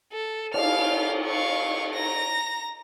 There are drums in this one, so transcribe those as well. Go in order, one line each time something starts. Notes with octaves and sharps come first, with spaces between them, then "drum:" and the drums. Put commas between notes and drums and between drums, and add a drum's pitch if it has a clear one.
A4
F5 F6, drum: cymbal
F5 C#6
A#5 A#6